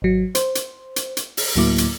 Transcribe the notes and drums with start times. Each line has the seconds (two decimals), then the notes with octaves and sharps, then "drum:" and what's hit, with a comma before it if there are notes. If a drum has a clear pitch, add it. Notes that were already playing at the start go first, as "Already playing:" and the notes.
0.02 G#1 F#3
0.35 C5, drum: hi-hat
0.55 drum: hi-hat
0.96 drum: hi-hat
1.17 drum: hi-hat
1.37 drum: open hi-hat
1.56 D2 A2 F#3 A#3 E4 D6
1.78 drum: hi-hat